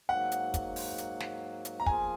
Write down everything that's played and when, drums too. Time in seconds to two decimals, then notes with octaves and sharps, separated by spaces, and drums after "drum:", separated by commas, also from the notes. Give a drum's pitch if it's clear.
0.09 G#2 F#3 A#3 F#5
0.32 drum: hi-hat
0.54 drum: kick, hi-hat
0.76 drum: open hi-hat
0.98 drum: hi-hat
1.20 drum: snare
1.65 drum: hi-hat
1.80 A#5
1.86 F3 A#3 F4 G#4 G#5, drum: kick